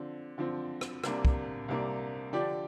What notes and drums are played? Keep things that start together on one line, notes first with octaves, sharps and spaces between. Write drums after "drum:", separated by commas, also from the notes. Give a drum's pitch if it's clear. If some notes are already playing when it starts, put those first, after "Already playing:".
Already playing: D3 F3 C4
D3 F3 C4
drum: rim click
C2 C3 A#3 D4, drum: rim click
drum: kick
C2 C3 A#3 D4
D3 F3 D4 G4 D5